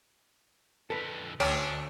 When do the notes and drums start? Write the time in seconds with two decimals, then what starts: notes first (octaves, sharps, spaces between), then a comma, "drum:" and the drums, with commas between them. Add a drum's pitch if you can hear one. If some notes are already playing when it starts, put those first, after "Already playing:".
0.90 F2 D3 A4 B4
1.40 D2 C#4 D4 G5 A#5, drum: cymbal